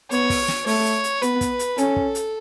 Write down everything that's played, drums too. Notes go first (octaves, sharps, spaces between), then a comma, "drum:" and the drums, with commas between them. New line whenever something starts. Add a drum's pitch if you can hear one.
B3 C#5, drum: hi-hat
drum: kick, open hi-hat
drum: snare
A3 C#5, drum: open hi-hat
drum: hi-hat
drum: hi-hat
B3 B4, drum: hi-hat
drum: kick, hi-hat
drum: hi-hat
C#4 A4, drum: hi-hat
drum: kick
drum: hi-hat